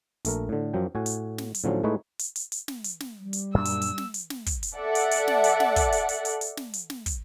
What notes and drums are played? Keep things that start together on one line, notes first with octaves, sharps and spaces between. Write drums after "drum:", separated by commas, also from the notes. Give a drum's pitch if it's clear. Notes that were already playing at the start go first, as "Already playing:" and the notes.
A#1 A3 A#4, drum: hi-hat
A2 D3
F#2 F3 F#3 G5
A2 F#4 G#5
drum: hi-hat
drum: snare
drum: hi-hat
A2 D3 F3 F#3 C#4
A2 G#3 A3 D#4 B4 C#5
drum: hi-hat
drum: hi-hat
drum: hi-hat
drum: snare
drum: hi-hat
drum: snare
G3
drum: hi-hat
F#2 A#2 D4 E6
drum: hi-hat
drum: hi-hat
drum: snare
drum: hi-hat
drum: snare
drum: kick, hi-hat
drum: hi-hat
A4 D5 E5 F#5
drum: hi-hat
drum: hi-hat
drum: snare
drum: hi-hat
drum: snare
drum: kick, hi-hat
drum: hi-hat
drum: hi-hat
drum: hi-hat
drum: hi-hat
drum: snare
drum: hi-hat
drum: snare
drum: kick, hi-hat